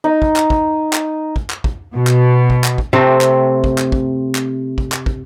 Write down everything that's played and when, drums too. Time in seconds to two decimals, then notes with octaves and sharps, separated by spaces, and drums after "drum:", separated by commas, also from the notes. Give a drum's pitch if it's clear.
0.04 D#4
0.22 drum: kick
0.36 drum: clap
0.50 drum: kick
0.93 drum: clap
1.36 drum: kick
1.50 drum: clap
1.64 drum: kick
1.93 B2
2.07 drum: clap
2.50 drum: kick
2.64 drum: clap
2.78 drum: kick
2.93 C3 A3 C4
3.21 drum: clap
3.64 drum: kick
3.78 drum: clap
3.92 drum: kick
4.35 drum: clap
4.78 drum: kick
4.92 drum: clap
5.06 drum: kick